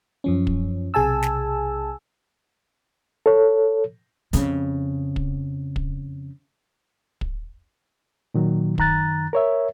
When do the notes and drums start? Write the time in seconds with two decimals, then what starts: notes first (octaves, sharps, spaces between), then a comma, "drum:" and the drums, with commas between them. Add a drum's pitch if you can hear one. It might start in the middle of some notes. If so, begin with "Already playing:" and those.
0.24 F#2 F3 C#4
0.47 drum: kick
0.94 B1 C3 G#4 G#5 A5 E6
1.22 drum: snare
3.26 A4 C#5
4.33 F2 C#3, drum: hi-hat
5.16 drum: kick
5.76 drum: kick
7.21 drum: kick
8.34 A#2 D#3 F#3
8.78 F#2 D#3 A#5 F#6 A6, drum: kick
9.33 A#4 C#5 E5